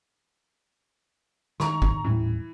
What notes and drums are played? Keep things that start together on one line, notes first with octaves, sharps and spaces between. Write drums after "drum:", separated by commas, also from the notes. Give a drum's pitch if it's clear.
D#3 A#5 C#6, drum: rim click
drum: kick
D#1 A2 E3 G3